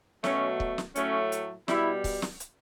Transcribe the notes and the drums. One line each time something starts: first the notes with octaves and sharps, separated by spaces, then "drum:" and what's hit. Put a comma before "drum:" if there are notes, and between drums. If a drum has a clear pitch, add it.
B2 F#3 A3 C#4, drum: snare
drum: kick
drum: snare
A2 F#3 A3 C#4, drum: hi-hat
drum: hi-hat
B2 G3 E4, drum: snare
drum: kick, open hi-hat
drum: snare
drum: hi-hat